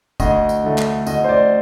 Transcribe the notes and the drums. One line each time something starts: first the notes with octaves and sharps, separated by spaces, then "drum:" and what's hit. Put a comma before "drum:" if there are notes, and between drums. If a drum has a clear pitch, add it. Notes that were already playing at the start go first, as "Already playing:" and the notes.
D2 D#5, drum: kick, tambourine
drum: tambourine
D3 A3
drum: clap
D2 D#5, drum: tambourine
C5
D5